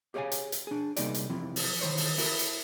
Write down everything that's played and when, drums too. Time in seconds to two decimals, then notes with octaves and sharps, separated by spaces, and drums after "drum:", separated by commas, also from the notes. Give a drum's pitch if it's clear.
0.14 G4 G#4 C#5 D#5 F5 G#5
0.32 drum: hi-hat
0.52 drum: hi-hat
0.67 D4 G#4
0.96 C3 G3 A#3 D#4 G#4 D5, drum: hi-hat
1.14 drum: hi-hat
1.30 F2 C3 E3 F3
1.56 drum: open hi-hat
1.81 D#3 E3 C5 C#5
1.97 drum: open hi-hat
2.18 E4 F#4 A#4, drum: open hi-hat
2.39 drum: hi-hat